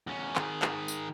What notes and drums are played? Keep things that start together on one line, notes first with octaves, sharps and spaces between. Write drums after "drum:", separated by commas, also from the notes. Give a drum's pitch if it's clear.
E2 C#4
D#3 G#4, drum: clap
drum: clap
drum: tambourine